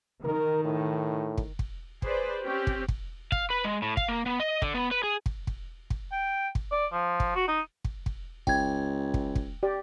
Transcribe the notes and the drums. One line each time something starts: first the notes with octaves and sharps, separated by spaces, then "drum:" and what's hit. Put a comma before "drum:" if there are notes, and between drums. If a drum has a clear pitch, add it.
D#3 A#4
A2
drum: kick
drum: kick
G#4 B4 C5 D5, drum: kick
C4 C#4 G4
drum: kick
drum: kick
F5, drum: kick
B4
G#3
A2
F5, drum: kick
A#3
B3
D#5
D3, drum: kick
B3
B4
G#4
drum: kick
drum: kick
drum: kick
G5
drum: kick
D5
F3
drum: kick
F#4
D#4
drum: kick
drum: kick
C#2 G5 G#6, drum: kick
drum: kick
drum: kick
G4 D5